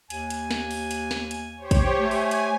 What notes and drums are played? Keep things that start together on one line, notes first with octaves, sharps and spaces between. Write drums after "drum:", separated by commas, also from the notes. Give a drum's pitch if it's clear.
D#2 G#5, drum: hi-hat
drum: hi-hat
drum: snare
drum: open hi-hat
drum: hi-hat
drum: snare
drum: hi-hat
G4 C5 C#5
drum: kick, hi-hat
A3 G#5
drum: open hi-hat
drum: hi-hat